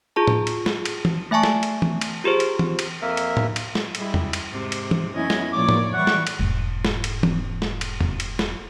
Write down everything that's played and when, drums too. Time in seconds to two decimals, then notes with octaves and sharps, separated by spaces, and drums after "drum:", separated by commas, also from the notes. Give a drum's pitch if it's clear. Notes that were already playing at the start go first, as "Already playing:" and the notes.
0.16 F4 G#4 A5
0.28 drum: tom A2
0.47 drum: cymbal
0.66 drum: snare
0.85 drum: cymbal
1.05 drum: tom E3
1.31 A3 E5 G#5 A5 C#6
1.43 drum: snare
1.63 drum: cymbal
1.82 drum: tom E3
2.01 drum: cymbal
2.24 F4 G4 G#4 C5
2.40 drum: cymbal
2.59 drum: tom E3
2.79 drum: cymbal
3.02 F2 A#3 A#4 E5
3.17 drum: cymbal
3.37 drum: tom A2
3.56 drum: cymbal
3.75 drum: snare
3.95 G3 G#3 E4, drum: cymbal
4.14 drum: tom E2
4.33 drum: cymbal
4.49 G#2 C3
4.72 drum: cymbal
4.91 drum: tom E3
5.15 F#2 B3 C#4 E4 D#5 G#5
5.30 drum: snare
5.52 A#2 F3 C#5 D5 D6
5.69 drum: tom A2
5.94 E3 G3 E4 D5 F#5 C#6
6.07 drum: snare
6.27 drum: cymbal
6.39 E1 G#2
6.85 drum: snare
7.04 drum: cymbal
7.23 drum: tom E3
7.62 drum: snare
7.81 drum: cymbal
8.01 drum: tom E2
8.20 drum: cymbal
8.39 drum: snare